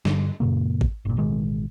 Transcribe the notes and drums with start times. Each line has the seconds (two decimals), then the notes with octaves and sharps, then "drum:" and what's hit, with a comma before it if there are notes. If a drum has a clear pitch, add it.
0.05 G2 D3, drum: snare
0.40 F#2 A#2 C#3 A#3
0.81 drum: kick G#1
1.05 G1 A#2
1.17 A1 B2 D#3 G#3